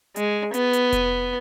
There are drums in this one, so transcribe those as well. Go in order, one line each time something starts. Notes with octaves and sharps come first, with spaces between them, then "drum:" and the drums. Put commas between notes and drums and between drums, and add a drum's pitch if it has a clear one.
G#3, drum: hi-hat
B3, drum: hi-hat
drum: hi-hat
drum: kick F1, hi-hat